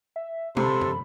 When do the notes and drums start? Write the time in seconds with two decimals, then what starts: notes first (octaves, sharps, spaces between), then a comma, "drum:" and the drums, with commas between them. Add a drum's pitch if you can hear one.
0.16 E5
0.57 C3 A4 B5 C6, drum: tom B2
0.81 drum: tom F#2